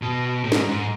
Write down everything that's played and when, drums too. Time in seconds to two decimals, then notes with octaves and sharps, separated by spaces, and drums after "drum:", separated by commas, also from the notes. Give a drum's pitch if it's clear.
0.02 B2
0.44 A2
0.52 G#2, drum: snare
0.68 G#2